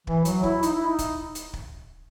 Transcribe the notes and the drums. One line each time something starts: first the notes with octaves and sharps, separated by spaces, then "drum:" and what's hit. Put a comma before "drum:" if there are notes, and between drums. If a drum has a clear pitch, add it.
E3, drum: kick
F#3, drum: hi-hat
E4, drum: kick
D#4, drum: hi-hat
E4
D#4
drum: kick, hi-hat
drum: hi-hat
drum: kick